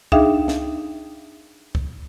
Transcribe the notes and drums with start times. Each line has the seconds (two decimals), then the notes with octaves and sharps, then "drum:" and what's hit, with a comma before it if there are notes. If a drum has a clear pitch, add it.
0.12 D4 D#4 G#4 E5 F5 G5, drum: kick
0.48 drum: snare
1.75 drum: kick